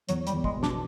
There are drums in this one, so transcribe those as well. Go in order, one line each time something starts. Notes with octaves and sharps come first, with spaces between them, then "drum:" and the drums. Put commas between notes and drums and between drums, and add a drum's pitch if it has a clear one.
E2 F#3, drum: hi-hat
G3, drum: hi-hat
E2
G#3, drum: kick
B2
D4, drum: snare